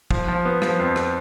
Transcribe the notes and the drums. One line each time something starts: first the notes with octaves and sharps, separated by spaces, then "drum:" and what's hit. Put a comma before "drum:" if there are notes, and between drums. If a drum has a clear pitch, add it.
F3, drum: kick
F3
B3
F3, drum: rim click
F2
drum: rim click